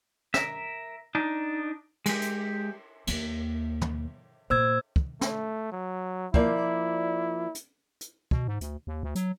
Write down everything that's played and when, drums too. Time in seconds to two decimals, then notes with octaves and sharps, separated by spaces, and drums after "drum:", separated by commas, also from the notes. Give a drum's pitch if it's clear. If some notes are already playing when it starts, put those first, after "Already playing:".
0.34 A#4 E5, drum: snare
1.15 D4 D#4
2.06 G#3 G4, drum: cymbal
2.22 drum: hi-hat
3.07 D#2 A#3, drum: cymbal
3.81 drum: tom
4.50 A#2 C5 E6 G#6
4.96 drum: kick
5.21 A3, drum: snare
5.72 F#3
6.34 F3 A#3 E4 D5, drum: kick
7.55 drum: hi-hat
8.01 drum: hi-hat
8.31 B2, drum: kick
8.47 G#2
8.61 D2, drum: hi-hat
8.87 D#2
9.03 D2
9.15 F#3, drum: hi-hat